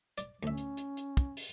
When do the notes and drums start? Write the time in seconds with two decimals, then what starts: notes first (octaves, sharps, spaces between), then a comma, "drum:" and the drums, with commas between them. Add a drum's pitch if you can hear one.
0.18 D5, drum: hi-hat
0.43 D2 C#4 E5
0.57 drum: hi-hat
0.77 drum: hi-hat
0.97 drum: hi-hat
1.17 drum: kick, hi-hat
1.37 drum: open hi-hat